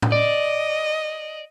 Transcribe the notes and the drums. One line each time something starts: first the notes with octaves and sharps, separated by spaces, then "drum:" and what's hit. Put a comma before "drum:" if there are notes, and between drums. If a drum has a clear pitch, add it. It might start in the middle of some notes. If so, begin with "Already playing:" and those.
drum: tom A2
D5 D#5